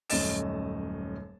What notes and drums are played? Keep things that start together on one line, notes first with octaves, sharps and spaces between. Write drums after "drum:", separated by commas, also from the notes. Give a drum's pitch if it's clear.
D#1 F#2 A3 D#5 A6 E7, drum: open hi-hat